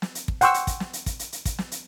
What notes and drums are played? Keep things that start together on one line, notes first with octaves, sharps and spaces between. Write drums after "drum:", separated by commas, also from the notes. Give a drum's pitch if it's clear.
drum: snare
drum: hi-hat
drum: kick
F#5 G5 C6 C#6 E6, drum: hi-hat
drum: hi-hat
drum: kick, hi-hat
drum: snare
drum: hi-hat
drum: kick, hi-hat
drum: hi-hat
drum: hi-hat
drum: kick, hi-hat
drum: snare
drum: hi-hat